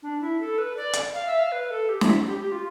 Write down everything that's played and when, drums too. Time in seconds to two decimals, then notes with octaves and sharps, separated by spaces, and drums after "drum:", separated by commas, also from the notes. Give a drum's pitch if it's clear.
0.02 D4
0.21 E4
0.40 A4
0.58 B4
0.76 D5
0.93 drum: hi-hat
1.14 F5
1.27 E5
1.39 F5
1.52 B4
1.71 A4
1.89 G4
2.01 E4, drum: snare
2.27 G4
2.39 G4
2.52 F4